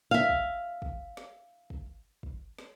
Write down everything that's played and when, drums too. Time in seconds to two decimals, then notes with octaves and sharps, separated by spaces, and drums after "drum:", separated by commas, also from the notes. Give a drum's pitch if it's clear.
0.11 E5 F5
0.29 drum: kick
0.82 drum: kick
1.17 drum: snare
1.70 drum: kick
2.23 drum: kick
2.59 drum: snare